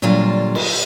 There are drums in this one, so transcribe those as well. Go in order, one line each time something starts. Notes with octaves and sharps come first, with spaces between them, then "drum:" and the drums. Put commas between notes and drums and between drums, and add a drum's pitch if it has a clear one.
A#2 D3 F#3 G3 F4
drum: cymbal